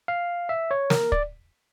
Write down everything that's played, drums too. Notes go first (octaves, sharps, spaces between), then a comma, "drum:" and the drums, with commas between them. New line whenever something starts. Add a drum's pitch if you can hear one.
F5
E5
C#5
A#4, drum: snare
D5, drum: kick